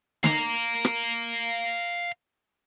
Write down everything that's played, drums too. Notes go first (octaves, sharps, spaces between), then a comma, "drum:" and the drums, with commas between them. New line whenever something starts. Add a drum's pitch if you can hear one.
F5 A#5, drum: snare
drum: rim click